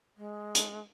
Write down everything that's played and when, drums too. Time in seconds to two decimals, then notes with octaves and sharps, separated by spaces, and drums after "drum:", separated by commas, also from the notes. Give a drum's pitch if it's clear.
0.17 G#3
0.55 drum: hi-hat